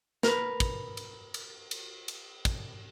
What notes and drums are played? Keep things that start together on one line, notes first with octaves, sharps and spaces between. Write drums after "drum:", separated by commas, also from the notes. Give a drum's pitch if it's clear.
A#4 B4, drum: snare
drum: kick, cymbal
drum: cymbal
drum: cymbal
drum: cymbal
drum: cymbal
drum: kick, cymbal